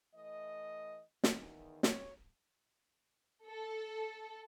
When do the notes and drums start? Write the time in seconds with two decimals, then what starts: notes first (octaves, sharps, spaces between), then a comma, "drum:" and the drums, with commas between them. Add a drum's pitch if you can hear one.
0.14 E3 A3 D#5
1.24 E2 D#3, drum: snare
1.83 C#5, drum: snare
3.47 A4